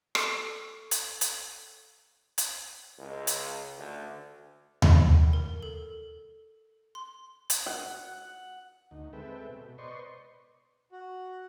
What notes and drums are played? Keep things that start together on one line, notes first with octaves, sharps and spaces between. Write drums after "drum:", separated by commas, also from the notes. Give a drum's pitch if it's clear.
A4 C#6 E6, drum: rim click
drum: hi-hat
drum: hi-hat
drum: hi-hat
C#2
drum: hi-hat
D2
B5, drum: tom D#2
A#4
A4
C6
drum: hi-hat
F#5
D2 D#4
G#3 C4 A4 B4 E5 G5
B2
B4 C5 D5 D#5 C6 C#6
F#4